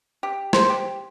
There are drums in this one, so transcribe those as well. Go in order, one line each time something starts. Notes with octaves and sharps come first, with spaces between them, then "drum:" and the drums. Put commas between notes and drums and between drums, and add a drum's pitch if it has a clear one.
G4
C5, drum: rim click
G4